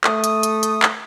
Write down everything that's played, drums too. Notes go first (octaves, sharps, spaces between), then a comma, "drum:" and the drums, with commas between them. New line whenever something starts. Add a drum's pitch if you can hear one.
A3 D#6, drum: clap
drum: hi-hat
drum: hi-hat
drum: hi-hat
drum: clap